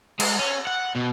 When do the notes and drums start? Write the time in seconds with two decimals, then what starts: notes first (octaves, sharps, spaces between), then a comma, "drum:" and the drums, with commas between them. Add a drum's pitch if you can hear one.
0.20 G#3, drum: cymbal
0.39 C#4
0.67 F#5
0.95 B2